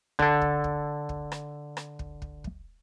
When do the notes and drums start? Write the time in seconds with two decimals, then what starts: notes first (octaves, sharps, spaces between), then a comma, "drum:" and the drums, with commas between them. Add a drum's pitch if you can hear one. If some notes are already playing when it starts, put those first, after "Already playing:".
0.19 D3 A4, drum: kick
0.41 drum: kick
0.64 drum: kick
1.09 drum: kick
1.32 drum: rim click
1.77 drum: rim click
1.99 drum: kick
2.22 drum: kick
2.44 drum: kick